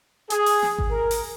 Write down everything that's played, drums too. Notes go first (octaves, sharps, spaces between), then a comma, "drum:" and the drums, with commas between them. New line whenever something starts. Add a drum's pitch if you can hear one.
G#4, drum: hi-hat
drum: open hi-hat
drum: snare
drum: kick G#1
A#4
drum: open hi-hat